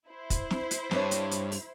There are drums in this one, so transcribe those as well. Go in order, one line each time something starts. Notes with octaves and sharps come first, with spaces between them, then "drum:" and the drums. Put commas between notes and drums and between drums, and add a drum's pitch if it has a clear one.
E4 C5
drum: kick, hi-hat
drum: snare
drum: hi-hat
G2 D4 B4 C#5, drum: snare
drum: hi-hat
drum: hi-hat
drum: open hi-hat